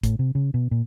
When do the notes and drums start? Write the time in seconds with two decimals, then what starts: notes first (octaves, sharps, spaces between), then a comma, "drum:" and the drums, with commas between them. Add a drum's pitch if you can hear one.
0.03 A2, drum: kick, hi-hat
0.19 C3
0.35 C#3
0.54 B2
0.71 A#2